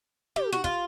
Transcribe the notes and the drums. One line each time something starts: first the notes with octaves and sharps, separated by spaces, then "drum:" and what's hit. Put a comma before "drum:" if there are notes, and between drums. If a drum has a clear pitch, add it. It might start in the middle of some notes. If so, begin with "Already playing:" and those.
G4, drum: tom
F#4
F4, drum: kick